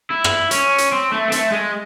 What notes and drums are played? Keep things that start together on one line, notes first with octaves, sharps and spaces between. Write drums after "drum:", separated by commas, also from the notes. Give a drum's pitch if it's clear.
E4
drum: rim click
C#4, drum: hi-hat
drum: hi-hat
C4
A3
C4
A3, drum: hi-hat
G#3